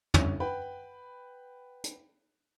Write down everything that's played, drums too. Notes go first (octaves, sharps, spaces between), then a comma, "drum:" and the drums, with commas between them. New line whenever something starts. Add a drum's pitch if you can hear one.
G1 C2 C#4, drum: tom
B4 F#5 G5 B5
drum: hi-hat